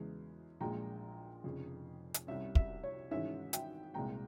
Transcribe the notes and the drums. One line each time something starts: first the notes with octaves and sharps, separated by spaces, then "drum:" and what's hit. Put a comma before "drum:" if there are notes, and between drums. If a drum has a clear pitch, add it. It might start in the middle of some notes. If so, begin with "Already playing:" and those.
Already playing: E2 C#3 E3 G#3
A#1 A#2 G#3 G5 A#5
F1 F2 C#3
drum: hi-hat
C2 C3 G3 C#4 E5
E5, drum: kick
C#5
G#1 G#2 E3 G#3 C#4 E5
E5 G5, drum: hi-hat
C2 A#2 G#3 C4 G5 A#5